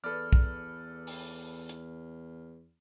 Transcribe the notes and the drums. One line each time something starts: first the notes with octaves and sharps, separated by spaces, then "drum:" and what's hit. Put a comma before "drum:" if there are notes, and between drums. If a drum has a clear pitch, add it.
E2 A4 B4 D5 F6
drum: kick
drum: open hi-hat
drum: hi-hat